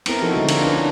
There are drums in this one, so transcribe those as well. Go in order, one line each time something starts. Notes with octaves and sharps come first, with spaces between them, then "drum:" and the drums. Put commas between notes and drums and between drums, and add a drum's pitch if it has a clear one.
B3 C4 E4 A#4, drum: cymbal
F3 D#4 F#4 A4
D3 G#3
D4 F4 A#4, drum: cymbal
C#4 E4 B4
D4